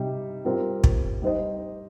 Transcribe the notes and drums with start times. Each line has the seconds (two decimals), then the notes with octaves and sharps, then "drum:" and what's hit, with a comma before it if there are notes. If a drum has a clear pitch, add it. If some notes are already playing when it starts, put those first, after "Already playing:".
Already playing: C3 G3 D#4 G4
0.45 G3 C4 F4 A#4
0.84 drum: kick
1.22 G3 D#4 C5 D#5